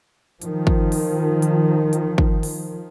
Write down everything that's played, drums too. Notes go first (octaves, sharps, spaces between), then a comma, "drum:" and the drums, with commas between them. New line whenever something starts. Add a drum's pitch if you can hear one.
D#3 F3, drum: hi-hat
drum: kick
drum: open hi-hat
drum: hi-hat
drum: hi-hat
drum: kick
drum: open hi-hat